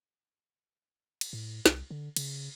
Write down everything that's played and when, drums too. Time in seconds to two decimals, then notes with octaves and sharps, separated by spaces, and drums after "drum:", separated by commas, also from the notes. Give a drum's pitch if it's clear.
1.21 drum: cymbal
1.33 A2
1.66 C2, drum: snare
1.90 D3
2.16 C#3, drum: cymbal